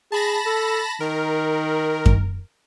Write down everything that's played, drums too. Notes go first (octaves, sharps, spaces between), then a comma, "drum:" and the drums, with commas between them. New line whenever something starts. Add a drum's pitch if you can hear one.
G#4 A5 B5 A#6
A4
D#3 A#4
drum: kick F#2